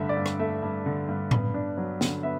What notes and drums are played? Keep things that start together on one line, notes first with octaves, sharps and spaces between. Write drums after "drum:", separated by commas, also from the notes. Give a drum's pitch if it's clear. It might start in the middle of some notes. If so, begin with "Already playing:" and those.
Already playing: G2 D3 A3 E5
D5
G2
drum: rim click
A3 E5
G2
D3
G2
B3, drum: tom A2
D4
F#3
D3, drum: snare
B3 E5